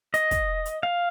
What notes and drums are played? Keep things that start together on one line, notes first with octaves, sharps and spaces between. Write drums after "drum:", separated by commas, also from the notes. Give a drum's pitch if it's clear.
D#5, drum: hi-hat
drum: kick, hi-hat
drum: hi-hat
F5